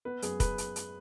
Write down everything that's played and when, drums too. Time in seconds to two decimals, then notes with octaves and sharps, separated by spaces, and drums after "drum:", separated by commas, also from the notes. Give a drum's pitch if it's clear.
0.05 B3 B4
0.22 F#2 G#4, drum: hi-hat
0.40 B4, drum: kick, hi-hat
0.58 drum: hi-hat
0.76 drum: hi-hat